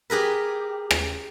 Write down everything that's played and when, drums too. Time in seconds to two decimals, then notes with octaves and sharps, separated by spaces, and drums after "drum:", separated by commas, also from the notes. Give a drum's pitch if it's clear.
0.10 G4 G#4 A#4 B4
0.91 drum: rim click